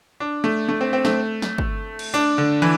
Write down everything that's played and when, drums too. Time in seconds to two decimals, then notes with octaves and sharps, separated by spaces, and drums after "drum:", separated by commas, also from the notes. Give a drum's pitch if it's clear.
0.20 D4
0.44 A3
0.69 A3
0.81 C4
0.93 C4
1.05 A3, drum: snare
1.42 drum: snare
1.58 drum: kick
1.99 drum: cymbal
2.14 D4
2.38 D3
2.62 E3